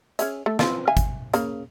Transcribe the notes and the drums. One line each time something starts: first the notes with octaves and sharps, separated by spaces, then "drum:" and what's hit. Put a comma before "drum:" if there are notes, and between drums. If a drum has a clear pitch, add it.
C#4 G#4 E5, drum: hi-hat
A3
C4 F4 B4, drum: snare
E5 F5 G#5
drum: kick, hi-hat
C#3 A#3, drum: hi-hat